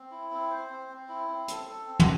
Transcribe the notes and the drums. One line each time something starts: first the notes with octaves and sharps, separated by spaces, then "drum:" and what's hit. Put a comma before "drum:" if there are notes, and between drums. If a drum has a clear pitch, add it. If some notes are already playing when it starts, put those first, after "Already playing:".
Already playing: C4
E4
C4
C5
C4
C4
E4
C4
A4, drum: hi-hat
A4
C4
drum: tom